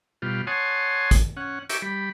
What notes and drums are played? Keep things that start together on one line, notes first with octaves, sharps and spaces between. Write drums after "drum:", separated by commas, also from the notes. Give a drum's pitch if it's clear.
B2 G3 F4
C#5 F#5 G#5 A5 C6 D#6
drum: kick, hi-hat
C#4 F#5
G4 E5 A#5 C#6 D6, drum: hi-hat
G3 B5